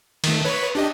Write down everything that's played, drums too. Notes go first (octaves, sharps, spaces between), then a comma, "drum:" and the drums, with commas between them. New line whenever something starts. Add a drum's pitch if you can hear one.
D#3 A3, drum: cymbal
B4 C#5 B5
D4 G4 D#5